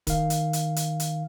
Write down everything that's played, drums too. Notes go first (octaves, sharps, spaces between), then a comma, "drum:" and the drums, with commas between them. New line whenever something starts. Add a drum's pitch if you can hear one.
D#3 F5, drum: kick, hi-hat
drum: hi-hat
drum: hi-hat
drum: hi-hat
drum: hi-hat